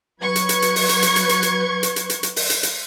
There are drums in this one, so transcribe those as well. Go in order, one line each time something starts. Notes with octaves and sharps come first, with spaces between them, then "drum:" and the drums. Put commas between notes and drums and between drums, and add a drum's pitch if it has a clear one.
F#3 B4 C#6 G#6
drum: hi-hat
drum: hi-hat
drum: hi-hat
drum: open hi-hat
drum: hi-hat
drum: hi-hat
drum: hi-hat
drum: hi-hat
drum: hi-hat
drum: hi-hat
drum: hi-hat
drum: hi-hat
drum: hi-hat
drum: open hi-hat
drum: hi-hat
drum: hi-hat